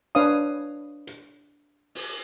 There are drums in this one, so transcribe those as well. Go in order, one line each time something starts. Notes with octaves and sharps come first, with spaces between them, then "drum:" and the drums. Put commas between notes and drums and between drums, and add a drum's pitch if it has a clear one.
D4 B4 C#5 F5 D#6
drum: hi-hat
drum: open hi-hat